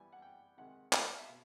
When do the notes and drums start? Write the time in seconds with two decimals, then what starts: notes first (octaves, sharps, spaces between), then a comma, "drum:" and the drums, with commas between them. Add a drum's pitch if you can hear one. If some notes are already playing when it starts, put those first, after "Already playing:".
Already playing: E3 G3 B3 G#5
0.12 F#5
0.22 G5
0.57 C3 D#3 G#3 F#5
0.93 drum: clap
1.18 E5
1.27 B2 F5